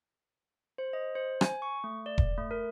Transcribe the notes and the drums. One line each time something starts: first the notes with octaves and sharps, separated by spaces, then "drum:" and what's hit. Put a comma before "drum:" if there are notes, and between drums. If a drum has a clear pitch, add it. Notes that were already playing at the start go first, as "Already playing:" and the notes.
C5
D#5
C5
G#5, drum: rim click
C#6
A3
D5
drum: kick E1
A3
A#4